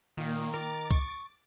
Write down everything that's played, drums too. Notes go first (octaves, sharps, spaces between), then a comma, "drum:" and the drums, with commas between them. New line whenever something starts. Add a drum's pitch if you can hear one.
A#2 D#3 A#3
A#4 D6 A6
C#6, drum: kick C2